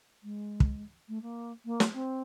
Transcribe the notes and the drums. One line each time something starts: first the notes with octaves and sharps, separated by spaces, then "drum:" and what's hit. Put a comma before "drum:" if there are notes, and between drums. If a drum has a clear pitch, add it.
G#3
drum: kick
A3
A#3
A#3
drum: snare
C4